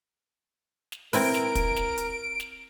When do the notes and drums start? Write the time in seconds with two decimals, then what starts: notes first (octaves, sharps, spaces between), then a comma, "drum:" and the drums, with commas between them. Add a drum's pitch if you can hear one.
0.92 drum: snare
1.13 C4 E4 A#4 B4 D7, drum: open hi-hat
1.34 drum: snare
1.55 drum: kick, hi-hat
1.76 drum: snare
1.98 drum: hi-hat
2.40 drum: snare